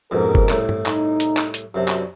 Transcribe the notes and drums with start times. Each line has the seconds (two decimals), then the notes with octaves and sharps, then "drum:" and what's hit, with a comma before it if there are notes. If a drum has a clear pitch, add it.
0.11 F2 G#2 B2 G#3 C#4 A#4
0.35 drum: kick
0.49 C2 A2, drum: clap
0.69 drum: tom G2
0.86 D#4, drum: clap
1.20 drum: hi-hat
1.37 drum: clap
1.54 drum: hi-hat
1.74 F#2 C3 F#3 D4
1.88 drum: clap